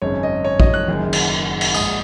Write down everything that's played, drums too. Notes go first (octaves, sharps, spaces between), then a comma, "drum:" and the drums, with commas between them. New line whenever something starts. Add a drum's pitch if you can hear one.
G#1 F#2 C#3 G#3 C#5
D#5
C#5
D#5, drum: kick A#1
F#6
F#1 F#2 D#3 G#3
drum: cymbal
drum: cymbal
A#1 G#2 G#3 D#6, drum: tambourine